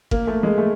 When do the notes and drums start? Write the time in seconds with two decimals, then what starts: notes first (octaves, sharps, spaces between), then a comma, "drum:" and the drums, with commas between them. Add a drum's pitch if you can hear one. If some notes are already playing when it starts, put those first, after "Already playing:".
0.11 A#3, drum: kick F#1
0.27 A3
0.43 G#3
0.58 A3